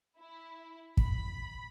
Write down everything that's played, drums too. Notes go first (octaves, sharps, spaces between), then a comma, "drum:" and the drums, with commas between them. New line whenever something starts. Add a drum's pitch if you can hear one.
E4
B5, drum: kick